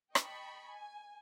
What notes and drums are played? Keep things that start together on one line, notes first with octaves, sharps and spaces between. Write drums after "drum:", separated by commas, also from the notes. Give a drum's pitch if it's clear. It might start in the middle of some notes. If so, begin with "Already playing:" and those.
D#5 G5 A5 B5 C#6, drum: rim click
G#5